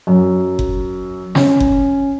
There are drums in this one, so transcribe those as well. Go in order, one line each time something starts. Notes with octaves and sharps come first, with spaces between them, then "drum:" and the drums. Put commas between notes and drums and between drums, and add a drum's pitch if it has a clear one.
F#2
drum: kick F#1
C#4, drum: snare
drum: kick F#1